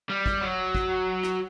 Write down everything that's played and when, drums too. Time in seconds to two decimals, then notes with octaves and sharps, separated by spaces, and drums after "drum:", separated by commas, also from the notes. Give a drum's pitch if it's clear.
0.10 G3
0.26 drum: kick
0.42 F#3
0.75 drum: kick
1.23 drum: rim click